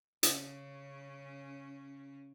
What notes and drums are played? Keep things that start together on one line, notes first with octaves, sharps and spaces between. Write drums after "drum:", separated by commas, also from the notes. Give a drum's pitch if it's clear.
C#3 C#4, drum: hi-hat